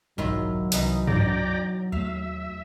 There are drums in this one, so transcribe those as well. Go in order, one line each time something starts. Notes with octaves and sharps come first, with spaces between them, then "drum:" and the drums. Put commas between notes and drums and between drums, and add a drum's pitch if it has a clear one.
F#1 B1 G#2 D#3 F#3 E4 F4
C2 B2 E3 D#4, drum: hi-hat
D5 G5 A#5, drum: tom
D#2 A3 E5 F5